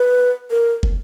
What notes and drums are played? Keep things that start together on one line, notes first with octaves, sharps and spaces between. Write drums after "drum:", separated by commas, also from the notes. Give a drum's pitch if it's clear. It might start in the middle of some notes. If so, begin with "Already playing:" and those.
Already playing: B4
A#4
drum: kick